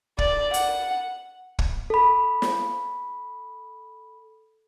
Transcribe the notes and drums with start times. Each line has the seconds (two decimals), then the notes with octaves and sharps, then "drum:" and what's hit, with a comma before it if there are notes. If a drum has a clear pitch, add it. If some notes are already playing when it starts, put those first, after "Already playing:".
0.19 D5, drum: kick
0.54 F#5, drum: hi-hat
1.59 drum: kick
1.90 A4 B5
2.42 drum: snare